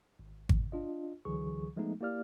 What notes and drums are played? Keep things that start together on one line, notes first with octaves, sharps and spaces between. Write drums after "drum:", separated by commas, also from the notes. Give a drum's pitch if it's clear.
G#1
F2, drum: kick G#1
D4 F4 D#5
C#2 D3 E3 F#3 G#4 C#6
F3 G#3 A3 B3 D#4
A#3 E4 G4 D5 F5 F6